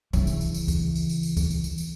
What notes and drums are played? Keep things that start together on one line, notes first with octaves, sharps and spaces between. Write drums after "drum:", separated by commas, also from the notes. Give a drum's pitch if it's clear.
C#3 E3, drum: tambourine
drum: tambourine
drum: tambourine
drum: tambourine
drum: kick C#2, tambourine
drum: tambourine
drum: tambourine
drum: tambourine
drum: kick C#2, tambourine
drum: tambourine
drum: tambourine
drum: tambourine